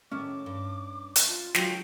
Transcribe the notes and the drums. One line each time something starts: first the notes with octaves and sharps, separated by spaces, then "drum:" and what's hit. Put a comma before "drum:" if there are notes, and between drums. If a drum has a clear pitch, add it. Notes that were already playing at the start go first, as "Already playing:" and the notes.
A2 D#3 C#4 E5 D6
G2
drum: hi-hat
F4
D3 F#3 G#3 F4 G5, drum: snare